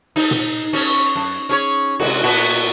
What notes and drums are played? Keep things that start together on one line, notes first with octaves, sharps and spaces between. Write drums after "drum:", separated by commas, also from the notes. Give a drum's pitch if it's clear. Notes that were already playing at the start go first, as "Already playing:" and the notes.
D#4, drum: open hi-hat
drum: tom
C#4, drum: open hi-hat
F#2
C#4 G#4 C#5, drum: hi-hat
C3 G#3 F#4, drum: cymbal
A#2 B3 F#4